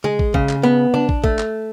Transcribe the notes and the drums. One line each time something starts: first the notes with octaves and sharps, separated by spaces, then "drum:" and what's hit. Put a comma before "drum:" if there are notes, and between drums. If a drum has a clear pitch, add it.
G#3, drum: tom C#3
drum: kick
C#3, drum: kick
drum: clap
B3
D4, drum: tom C#3
drum: kick
A3, drum: kick
drum: clap